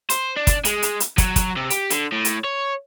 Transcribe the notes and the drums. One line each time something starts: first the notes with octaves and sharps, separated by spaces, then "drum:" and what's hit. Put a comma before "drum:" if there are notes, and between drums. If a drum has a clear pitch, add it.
C5, drum: hi-hat
D4
drum: kick, hi-hat
G#3, drum: hi-hat
drum: hi-hat
drum: hi-hat
F#3, drum: kick, hi-hat
drum: kick, hi-hat
C3
G4, drum: hi-hat
D3, drum: hi-hat
A2
drum: hi-hat
C#5